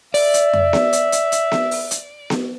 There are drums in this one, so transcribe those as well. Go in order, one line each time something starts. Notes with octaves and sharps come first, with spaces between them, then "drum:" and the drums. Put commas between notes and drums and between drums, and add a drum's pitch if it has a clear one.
D5 E5, drum: open hi-hat
drum: hi-hat
drum: tom F2
drum: snare B3
drum: hi-hat
drum: hi-hat
drum: hi-hat
drum: snare B3
drum: open hi-hat
drum: hi-hat
drum: snare B3